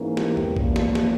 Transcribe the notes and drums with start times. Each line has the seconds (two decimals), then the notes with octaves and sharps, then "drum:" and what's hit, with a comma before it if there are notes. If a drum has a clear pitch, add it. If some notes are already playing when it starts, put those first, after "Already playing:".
Already playing: G#2 E3 A#3 C#4
0.17 G4, drum: snare
0.37 drum: tom E2
0.57 E2 C#3 F3 A#3, drum: kick B1
0.76 drum: snare
0.95 drum: snare